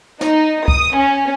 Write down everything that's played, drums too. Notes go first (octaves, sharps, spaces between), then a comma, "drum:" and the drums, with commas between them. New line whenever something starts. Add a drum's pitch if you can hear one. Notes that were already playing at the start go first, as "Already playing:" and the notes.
D#4, drum: snare
D#6, drum: kick
C#4